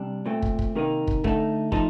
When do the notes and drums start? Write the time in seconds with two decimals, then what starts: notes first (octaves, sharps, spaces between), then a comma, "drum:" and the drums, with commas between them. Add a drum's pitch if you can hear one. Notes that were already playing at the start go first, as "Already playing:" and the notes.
Already playing: C3 G3 D4
0.26 A#2 A3 C4
0.42 drum: kick
0.59 drum: kick
0.75 C3 D#3 A#3 D#4
1.07 drum: kick
1.24 D3 A3 D#4 A4, drum: kick
1.72 F3 A3 D#4 A4, drum: kick